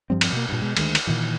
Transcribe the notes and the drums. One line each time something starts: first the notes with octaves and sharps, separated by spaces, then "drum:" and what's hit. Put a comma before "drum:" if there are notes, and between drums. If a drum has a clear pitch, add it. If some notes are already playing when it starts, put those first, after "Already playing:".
G2 F3 G3 C4
drum: cymbal
B2 A#3
G2 A#2
B2 G#3
D2 D#3 G3 G#3, drum: cymbal
drum: cymbal
A#2 D#3 E3